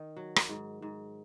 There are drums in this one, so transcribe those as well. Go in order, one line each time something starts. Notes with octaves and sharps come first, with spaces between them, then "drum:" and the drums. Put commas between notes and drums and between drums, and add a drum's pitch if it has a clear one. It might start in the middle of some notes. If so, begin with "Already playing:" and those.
Already playing: D#3
F#3
drum: rim click
G#2
G#2